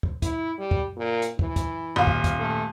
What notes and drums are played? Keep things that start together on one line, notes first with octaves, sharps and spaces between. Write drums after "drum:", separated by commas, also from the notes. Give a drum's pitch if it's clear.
drum: kick
E4, drum: kick, hi-hat
G3
drum: kick
A#2
drum: hi-hat
E3, drum: kick
drum: kick, hi-hat
D#1 F5
drum: kick
drum: kick, hi-hat
A3